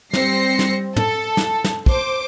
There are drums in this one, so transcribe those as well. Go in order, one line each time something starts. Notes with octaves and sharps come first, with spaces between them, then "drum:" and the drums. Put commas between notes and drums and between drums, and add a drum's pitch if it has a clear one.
G3 C4 C5 A#6 C7 C#7, drum: snare
drum: snare
A4, drum: tom
drum: snare
drum: snare
C5 D6, drum: kick